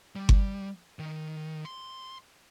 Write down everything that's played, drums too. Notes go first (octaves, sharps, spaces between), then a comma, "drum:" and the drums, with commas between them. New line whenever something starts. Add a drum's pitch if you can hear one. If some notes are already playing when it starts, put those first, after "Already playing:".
G3
drum: kick G1
D#3
C6